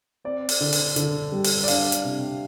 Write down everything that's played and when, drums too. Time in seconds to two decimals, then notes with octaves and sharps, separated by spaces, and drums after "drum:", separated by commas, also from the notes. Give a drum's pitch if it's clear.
0.25 C4 D5
0.49 drum: open hi-hat
0.60 D3
0.73 drum: open hi-hat
0.96 D3, drum: hi-hat
1.32 G3
1.44 drum: open hi-hat
1.63 D5
1.68 D4 F5, drum: open hi-hat
1.92 drum: hi-hat
2.04 C3